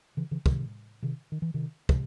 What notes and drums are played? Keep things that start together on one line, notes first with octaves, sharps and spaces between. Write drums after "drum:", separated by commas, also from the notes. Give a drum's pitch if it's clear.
C#3 E3
C#3 E3
C3 D#3, drum: kick
C3 D#3
D#3
E3
C3 D#3
C3, drum: kick